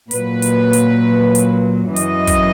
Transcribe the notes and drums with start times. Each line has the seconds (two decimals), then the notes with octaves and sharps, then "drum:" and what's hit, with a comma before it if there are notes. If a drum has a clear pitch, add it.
0.11 A#2 F#3 B4, drum: hi-hat
0.42 drum: hi-hat
0.73 drum: hi-hat
1.35 drum: hi-hat
1.96 F#2 E3 D#5, drum: hi-hat
2.27 drum: kick, hi-hat